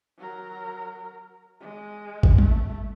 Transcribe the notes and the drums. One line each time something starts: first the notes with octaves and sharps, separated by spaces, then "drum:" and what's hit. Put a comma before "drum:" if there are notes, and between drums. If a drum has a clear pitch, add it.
F#3 A#4
G#3
drum: kick
A3, drum: tom